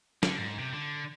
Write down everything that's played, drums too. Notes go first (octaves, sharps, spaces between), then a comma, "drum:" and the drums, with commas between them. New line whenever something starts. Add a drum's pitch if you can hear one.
D3, drum: snare
G#2
C3
D3